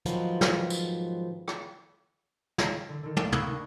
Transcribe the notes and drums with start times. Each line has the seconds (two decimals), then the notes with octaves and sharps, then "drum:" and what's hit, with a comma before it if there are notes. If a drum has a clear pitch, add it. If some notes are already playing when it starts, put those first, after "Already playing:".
0.06 G#2 D#3 F3 F#3 C4 B4, drum: hi-hat
0.41 drum: snare
0.70 drum: tambourine
1.48 drum: rim click
2.58 drum: snare
2.89 D3
3.03 D3 D#3
3.16 D2 A#3 D#4 F5 A#6, drum: tom
3.32 B5 C#6 D#6 E6 F#6, drum: tom
3.49 D4 D#4